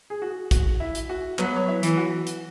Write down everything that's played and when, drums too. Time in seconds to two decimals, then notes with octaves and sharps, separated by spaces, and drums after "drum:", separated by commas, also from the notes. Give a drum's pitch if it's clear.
0.10 G#4
0.22 F#4
0.51 F#4, drum: kick, hi-hat
0.80 E4
0.95 drum: hi-hat
1.10 F#4
1.39 F#3 B3 B4, drum: clap
1.56 C#5
1.68 E4 E5
1.83 E3, drum: hi-hat
1.97 F#4
2.27 drum: hi-hat